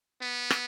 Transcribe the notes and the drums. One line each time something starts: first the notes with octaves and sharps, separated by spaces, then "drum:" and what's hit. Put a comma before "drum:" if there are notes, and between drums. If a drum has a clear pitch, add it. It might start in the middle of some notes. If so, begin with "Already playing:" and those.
B3
drum: rim click